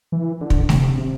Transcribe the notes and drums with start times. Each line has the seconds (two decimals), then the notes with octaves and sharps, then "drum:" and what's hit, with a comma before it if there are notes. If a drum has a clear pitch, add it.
0.12 E3
0.41 D3
0.50 drum: kick
0.69 C3, drum: snare A3
0.98 C3